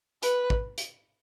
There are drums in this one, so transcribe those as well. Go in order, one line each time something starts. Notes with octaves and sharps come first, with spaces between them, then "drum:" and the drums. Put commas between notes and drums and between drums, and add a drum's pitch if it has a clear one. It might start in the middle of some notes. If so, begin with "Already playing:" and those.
B4, drum: hi-hat
drum: kick
drum: hi-hat